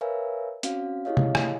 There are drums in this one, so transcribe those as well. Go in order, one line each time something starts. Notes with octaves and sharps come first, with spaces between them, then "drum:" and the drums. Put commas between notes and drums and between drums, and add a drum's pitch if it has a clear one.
A#4 B4 C#5 E5 F5 G#5
C4 C#4 F#4 F5, drum: hi-hat
E4 G4 G#4 C#5 D#5 F5
drum: tom C3
drum: rim click